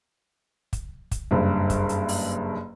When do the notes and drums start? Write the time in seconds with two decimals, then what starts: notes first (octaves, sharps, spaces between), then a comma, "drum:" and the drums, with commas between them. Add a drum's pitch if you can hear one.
0.73 drum: kick, hi-hat
1.11 drum: kick, hi-hat
1.31 F#1 G2
1.70 drum: kick, hi-hat
1.89 drum: hi-hat
2.09 drum: open hi-hat